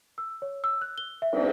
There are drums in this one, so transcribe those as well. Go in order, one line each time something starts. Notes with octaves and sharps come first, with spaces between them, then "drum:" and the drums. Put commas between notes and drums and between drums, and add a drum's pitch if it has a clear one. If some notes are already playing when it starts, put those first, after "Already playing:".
E6
C#5
E6
F#6
G7
E5
drum: cymbal